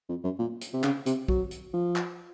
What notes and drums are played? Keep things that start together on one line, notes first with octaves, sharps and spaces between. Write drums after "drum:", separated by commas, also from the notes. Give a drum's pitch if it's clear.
F2
F#2
A#2
drum: hi-hat
C3
C#3, drum: clap
C3, drum: hi-hat
F#3, drum: kick
drum: hi-hat
F3
drum: clap